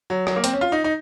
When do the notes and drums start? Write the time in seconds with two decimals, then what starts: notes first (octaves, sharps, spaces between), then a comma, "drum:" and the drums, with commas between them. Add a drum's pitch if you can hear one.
0.10 F#3
0.27 F#3, drum: rim click
0.36 A#3
0.44 C4, drum: hi-hat
0.53 C#4
0.61 F4
0.72 D#4
0.84 D#4